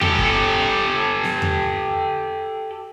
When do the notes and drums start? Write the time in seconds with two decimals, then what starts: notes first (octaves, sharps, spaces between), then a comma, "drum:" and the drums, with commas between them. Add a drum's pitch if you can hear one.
0.01 G4 A4, drum: tom E2
0.19 drum: kick
1.23 drum: snare B3
1.42 drum: tom E2